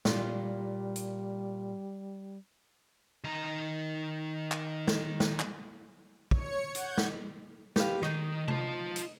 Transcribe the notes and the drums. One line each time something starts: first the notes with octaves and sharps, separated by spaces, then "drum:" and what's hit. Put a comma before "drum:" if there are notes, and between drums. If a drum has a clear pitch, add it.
A#2 G3 F4, drum: snare
drum: hi-hat
D#3 A#5
drum: clap
drum: snare
drum: snare
drum: clap
C#5 C#7, drum: kick
F#5 G6 G#6, drum: hi-hat
drum: snare
G4 B4 F5, drum: snare
D#3 D#4 D#5, drum: rim click
F4 A5, drum: tom C3
drum: hi-hat